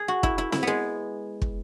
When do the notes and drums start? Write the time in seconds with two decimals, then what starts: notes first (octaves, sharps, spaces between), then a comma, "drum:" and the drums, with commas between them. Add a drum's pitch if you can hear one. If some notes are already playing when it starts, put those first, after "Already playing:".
Already playing: G#4
0.08 F#4
0.23 E4, drum: kick
0.38 E4
0.52 E4, drum: snare C4
0.63 G#3 B3
1.42 drum: kick